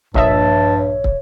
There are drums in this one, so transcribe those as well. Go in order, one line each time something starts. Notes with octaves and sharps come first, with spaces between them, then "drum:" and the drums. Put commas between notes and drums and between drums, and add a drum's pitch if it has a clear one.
A#1 G2 C#5 D#5 E5 A5, drum: kick
C#5
drum: kick